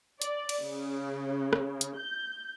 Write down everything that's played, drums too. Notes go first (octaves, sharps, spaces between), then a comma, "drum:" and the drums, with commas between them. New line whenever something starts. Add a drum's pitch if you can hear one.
D5, drum: hi-hat
drum: cymbal
C#3
drum: rim click
drum: hi-hat
G6